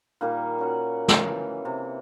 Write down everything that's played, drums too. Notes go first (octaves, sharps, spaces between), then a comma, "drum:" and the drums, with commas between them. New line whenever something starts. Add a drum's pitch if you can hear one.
A#2 D#3 G3 A#3
C#4 F#4 F#5
drum: snare
E3
C3